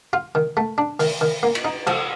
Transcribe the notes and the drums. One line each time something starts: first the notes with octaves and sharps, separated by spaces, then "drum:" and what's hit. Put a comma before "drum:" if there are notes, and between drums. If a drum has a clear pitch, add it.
F4
D#3
A3
D4
D#3, drum: open hi-hat
D#3
A#3
drum: cymbal
D#4
F3, drum: cymbal